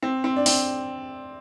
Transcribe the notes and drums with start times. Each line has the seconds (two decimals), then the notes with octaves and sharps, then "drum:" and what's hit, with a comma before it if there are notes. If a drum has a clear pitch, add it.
0.03 C4
0.24 C4
0.36 D4
0.46 C4, drum: open hi-hat